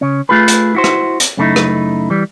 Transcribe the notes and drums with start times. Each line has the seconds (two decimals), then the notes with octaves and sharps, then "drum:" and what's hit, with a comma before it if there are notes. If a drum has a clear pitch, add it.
0.01 C#3 C#4
0.29 A3 F4 G#4 B4
0.48 drum: hi-hat
0.75 E4 F#4 C5
0.84 drum: rim click
1.20 drum: hi-hat
1.37 F#2 C#3 A3 C#4 D#4 E4
1.56 drum: rim click
2.10 E3 G3